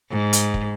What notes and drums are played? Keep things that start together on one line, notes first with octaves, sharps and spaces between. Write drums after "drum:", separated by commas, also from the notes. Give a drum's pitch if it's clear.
G#2
drum: hi-hat
drum: kick